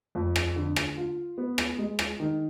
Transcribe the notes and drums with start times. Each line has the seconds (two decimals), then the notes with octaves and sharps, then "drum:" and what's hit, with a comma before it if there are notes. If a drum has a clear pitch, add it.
0.15 F2
0.36 drum: rim click
0.56 D3
0.76 drum: rim click
0.97 F4
1.38 B3
1.58 drum: rim click
1.79 G#3
1.99 drum: rim click
2.20 D#3